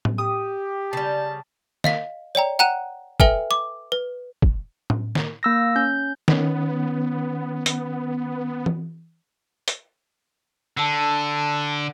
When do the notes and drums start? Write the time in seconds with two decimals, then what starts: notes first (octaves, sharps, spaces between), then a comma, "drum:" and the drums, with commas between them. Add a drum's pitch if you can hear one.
0.05 drum: tom A2
0.18 G4 D#6
0.93 C#3 G3 A5
1.84 D#5 F5 B6, drum: snare
2.35 C#5 D5 G5 A#5
2.59 F#5 G5 A#5 F#6 D#7 E7
3.20 A4 B4 E5 G5 G#5 F6, drum: kick
3.51 D6
3.92 B4
4.42 drum: kick
4.90 drum: tom A2
5.15 drum: snare
5.43 A#3 E6 A#6
5.76 C#4 G6
6.28 D#3 B3 C#4, drum: snare
7.66 drum: hi-hat
8.66 drum: tom E3
9.68 drum: hi-hat
10.77 D3 A5 E6